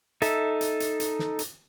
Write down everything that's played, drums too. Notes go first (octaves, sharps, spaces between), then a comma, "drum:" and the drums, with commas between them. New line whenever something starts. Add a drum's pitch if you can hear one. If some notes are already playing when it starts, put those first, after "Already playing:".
D#4 A4 E5, drum: hi-hat
drum: hi-hat
drum: hi-hat
drum: hi-hat
drum: snare
drum: hi-hat